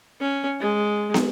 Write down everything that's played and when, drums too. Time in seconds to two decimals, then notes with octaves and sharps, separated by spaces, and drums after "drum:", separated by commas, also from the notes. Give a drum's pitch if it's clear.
0.20 C#4
0.60 G#3
1.14 drum: snare